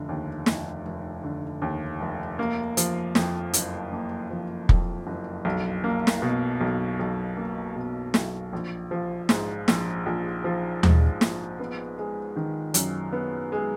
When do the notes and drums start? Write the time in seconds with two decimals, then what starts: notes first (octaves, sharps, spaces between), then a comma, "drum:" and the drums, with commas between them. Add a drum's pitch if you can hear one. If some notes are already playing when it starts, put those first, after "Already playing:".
Already playing: F1 D3
0.09 D#2
0.46 F1, drum: snare
0.85 F1
1.24 D3
1.62 D#2
2.00 F1
2.39 A#3
2.77 F3, drum: hi-hat
3.15 F2, drum: snare
3.53 F#1, drum: hi-hat
3.92 A#3
4.30 F3
4.69 F2, drum: kick
5.07 F#1
5.45 B1
5.84 A#3
6.07 drum: snare
6.22 B2
6.61 B1
7.00 B1
7.37 A#3
7.75 B2
8.14 B1, drum: snare
8.53 A#1
8.91 F3
9.29 G#2, drum: snare
9.68 A#1, drum: snare
10.06 A#1
10.44 F3
10.83 G#2, drum: tom D#2
11.21 A#1, drum: snare
11.59 B3
11.98 G#3
12.36 D#3
12.74 F#2, drum: hi-hat
13.13 B3
13.52 G#3